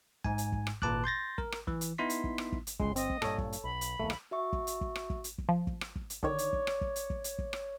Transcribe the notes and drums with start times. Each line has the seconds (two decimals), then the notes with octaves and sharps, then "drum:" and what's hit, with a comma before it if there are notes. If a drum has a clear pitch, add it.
0.24 G#2 G#5, drum: kick
0.38 drum: hi-hat
0.52 drum: kick
0.67 drum: rim click
0.82 G#1 A#2 B4 A5 D6 F#6, drum: kick
1.04 C6 G6 A6 A#6
1.38 A#4, drum: kick
1.52 drum: rim click
1.67 E3, drum: kick
1.81 drum: hi-hat
1.98 B3 D#4 E4 C6 B6
2.10 drum: hi-hat
2.24 drum: kick
2.38 drum: rim click
2.52 drum: kick
2.67 drum: hi-hat
2.80 G1 C#2 G#3 C6, drum: kick
2.96 C4 D#5, drum: hi-hat
3.10 drum: kick
3.22 G2 A#2 A4 C#5, drum: rim click
3.38 drum: kick
3.53 drum: hi-hat
3.64 B1 B5
3.81 drum: hi-hat
4.00 A#1 D#2 A3
4.10 drum: rim click
4.31 F#4 E5 C#6
4.53 drum: kick
4.67 drum: hi-hat
4.81 drum: kick
4.95 drum: rim click
5.10 drum: kick
5.24 drum: hi-hat
5.38 drum: kick
5.49 F3
5.67 drum: kick
5.81 drum: rim click
5.96 drum: kick
6.10 drum: hi-hat
6.23 D3 D#3 C#5 D5, drum: kick
6.38 drum: hi-hat
6.53 drum: kick
6.67 drum: rim click
6.81 drum: kick
6.96 drum: hi-hat
7.10 drum: kick
7.24 drum: hi-hat
7.39 drum: kick
7.53 drum: rim click